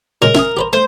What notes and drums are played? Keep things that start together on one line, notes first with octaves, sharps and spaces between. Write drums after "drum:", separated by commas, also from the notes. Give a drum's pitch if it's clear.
A#2 C#3 G#3 A#4
E5 G#5 D#6, drum: snare
G4 B4 C5
A3 C5